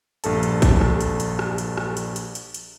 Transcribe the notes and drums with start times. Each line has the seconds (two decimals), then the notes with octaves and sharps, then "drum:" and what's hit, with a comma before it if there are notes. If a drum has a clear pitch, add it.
0.24 A#1 G2 A4 A5, drum: hi-hat
0.43 drum: hi-hat
0.62 drum: kick, hi-hat
0.81 drum: rim click
1.01 drum: hi-hat
1.20 drum: hi-hat
1.39 drum: rim click
1.58 drum: hi-hat
1.77 drum: rim click
1.97 drum: hi-hat
2.16 drum: hi-hat
2.35 drum: hi-hat
2.54 drum: hi-hat